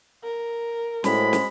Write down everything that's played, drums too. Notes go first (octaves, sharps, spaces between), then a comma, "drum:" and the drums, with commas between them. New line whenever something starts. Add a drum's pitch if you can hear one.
A#4
A2 G#3 F#4 C5 B5, drum: snare
drum: snare